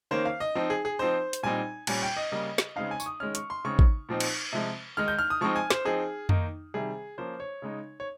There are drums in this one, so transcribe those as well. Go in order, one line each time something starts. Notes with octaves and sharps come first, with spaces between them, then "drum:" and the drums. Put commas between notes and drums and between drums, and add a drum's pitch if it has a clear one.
D#3 A#3 C#4 C5
F5
D#5
F3 C4 D#4
G#4
G#4
F3 C4 D#4 C5
drum: hi-hat
A#2 G3 C4 D#4 G#5
A#2 G3 C#4 G#5, drum: cymbal
G5
D#5
C#3 G3 A#3 D#5
drum: snare
C#3 G#3 C4 D#4 F5
G#5
C#6, drum: tambourine
D#6
D#3 G#3 C#4 F6
C#6, drum: hi-hat
C6
C#3 G#3 C4 D#4 C#6
drum: kick
A#2 F3 C4 D#4
drum: cymbal
C3 F3 G#3
D#3 G#3 D#4 F6
G6
F6
D#6
F3 G#3 C4 D#4 C#6
G#5
C5, drum: snare
F3 C4 D#4 G#4
D#3 A#3 D#4, drum: tom F2
C3 D#3 G3 G#4
F3 A#3 C#4 C5
C#5
C#3 G#3 D#4
C#5